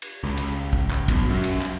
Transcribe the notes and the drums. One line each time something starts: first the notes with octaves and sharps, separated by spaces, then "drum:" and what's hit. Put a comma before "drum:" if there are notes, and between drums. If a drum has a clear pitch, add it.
drum: cymbal
C#2
drum: cymbal
drum: kick
drum: clap
B1, drum: kick, cymbal
F#2
drum: cymbal
drum: clap